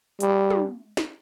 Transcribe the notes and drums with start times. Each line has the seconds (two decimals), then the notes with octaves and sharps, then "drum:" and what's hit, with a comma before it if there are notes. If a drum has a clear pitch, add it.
0.20 G3, drum: hi-hat
0.50 drum: tom
0.97 drum: snare